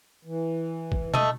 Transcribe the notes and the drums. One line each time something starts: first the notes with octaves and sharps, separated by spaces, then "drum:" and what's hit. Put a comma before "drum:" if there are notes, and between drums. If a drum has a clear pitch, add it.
E3
drum: kick
A3 D#5, drum: tom B2